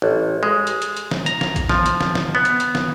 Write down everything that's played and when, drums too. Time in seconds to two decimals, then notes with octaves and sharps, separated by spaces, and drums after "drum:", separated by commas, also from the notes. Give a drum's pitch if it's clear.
0.02 A1
0.43 G#3
0.67 drum: hi-hat
0.82 drum: hi-hat
0.97 drum: hi-hat
1.11 drum: snare
1.26 A#5, drum: hi-hat
1.41 drum: snare
1.56 drum: kick, hi-hat
1.69 F3, drum: snare
1.86 drum: hi-hat
2.01 drum: snare
2.15 drum: snare
2.35 B3
2.45 drum: hi-hat
2.60 drum: hi-hat
2.75 drum: snare